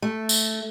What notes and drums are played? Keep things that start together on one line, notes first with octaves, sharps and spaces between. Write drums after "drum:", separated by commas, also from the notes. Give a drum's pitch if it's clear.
A3
drum: tambourine